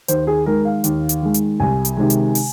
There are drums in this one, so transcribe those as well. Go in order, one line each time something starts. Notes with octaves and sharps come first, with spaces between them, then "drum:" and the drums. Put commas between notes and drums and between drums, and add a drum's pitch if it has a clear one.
D#2 C5, drum: hi-hat
G#4
D#3 G#3 A#4
F5
D#2, drum: hi-hat
drum: hi-hat
D#3 G#3
drum: hi-hat
C2 G#5
drum: hi-hat
C3 D#3 G#3
drum: hi-hat
drum: open hi-hat